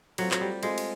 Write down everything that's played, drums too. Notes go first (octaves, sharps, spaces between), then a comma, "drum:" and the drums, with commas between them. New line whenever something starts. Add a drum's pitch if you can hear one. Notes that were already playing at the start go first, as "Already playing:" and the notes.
F#3 A3 C4 F4, drum: cymbal
F#3, drum: clap
G3
G#3 A3 C4 F4, drum: cymbal
drum: cymbal